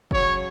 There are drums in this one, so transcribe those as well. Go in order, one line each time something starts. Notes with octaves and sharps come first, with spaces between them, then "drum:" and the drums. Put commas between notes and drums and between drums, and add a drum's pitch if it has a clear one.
C#3 F#3 C#5, drum: kick